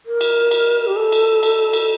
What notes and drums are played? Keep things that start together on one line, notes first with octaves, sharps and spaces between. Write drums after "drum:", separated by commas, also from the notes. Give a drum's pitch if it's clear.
A#4
drum: cymbal
drum: cymbal
G4
A4
drum: cymbal
drum: cymbal
drum: cymbal